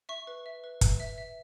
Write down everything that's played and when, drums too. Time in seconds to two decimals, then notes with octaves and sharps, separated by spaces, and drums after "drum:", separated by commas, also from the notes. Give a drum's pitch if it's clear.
0.09 E5 C#6
0.27 B4
0.46 E5
0.64 B4
0.81 B4, drum: kick, hi-hat
1.00 E5
1.18 E5